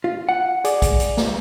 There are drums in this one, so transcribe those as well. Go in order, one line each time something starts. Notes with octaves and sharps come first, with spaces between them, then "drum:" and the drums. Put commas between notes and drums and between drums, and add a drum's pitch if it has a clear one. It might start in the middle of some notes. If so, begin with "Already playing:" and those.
F4
F#5
G#4 D5, drum: hi-hat
drum: kick A#1, hi-hat
drum: hi-hat
drum: snare